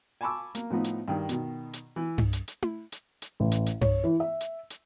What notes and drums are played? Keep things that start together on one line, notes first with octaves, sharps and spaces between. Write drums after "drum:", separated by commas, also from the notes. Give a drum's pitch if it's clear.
G#5 A5 B5 C#6 D6 E6
A#3, drum: hi-hat
A2 F3 B3 D#4
drum: hi-hat
G2 D#3
B2 D#3, drum: hi-hat
drum: hi-hat
E3
drum: tom G2
drum: hi-hat
drum: hi-hat
drum: tom E4
drum: hi-hat
drum: hi-hat
A1
drum: hi-hat
drum: hi-hat
C#5, drum: tom G2
E3
E5
drum: hi-hat
drum: hi-hat